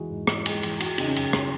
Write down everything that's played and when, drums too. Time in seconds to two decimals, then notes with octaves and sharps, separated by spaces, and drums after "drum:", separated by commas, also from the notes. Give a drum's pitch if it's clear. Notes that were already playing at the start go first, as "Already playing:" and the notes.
Already playing: E3 G#3 F#4 G#4
0.10 G#2
0.27 G#2, drum: rim click
0.46 G#3, drum: cymbal
0.63 E3, drum: cymbal
0.80 G#3 F#4, drum: cymbal
0.98 C#3 D#4, drum: cymbal
1.07 C#4
1.16 F#2, drum: cymbal
1.33 drum: rim click